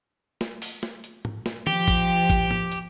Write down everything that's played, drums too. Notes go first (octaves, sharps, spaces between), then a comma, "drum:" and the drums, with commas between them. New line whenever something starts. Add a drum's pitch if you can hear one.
drum: snare
drum: open hi-hat
drum: snare
drum: hi-hat
drum: tom G#2
drum: snare
F3 G4, drum: tom D#3
drum: kick, hi-hat
drum: kick, hi-hat
drum: tom G#2
drum: hi-hat